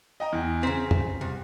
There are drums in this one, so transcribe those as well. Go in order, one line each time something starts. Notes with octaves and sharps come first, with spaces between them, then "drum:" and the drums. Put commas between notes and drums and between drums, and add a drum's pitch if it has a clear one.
D#5 G5 A#5
E2
C#3 C4 A#5 C6 B6
drum: tom
C2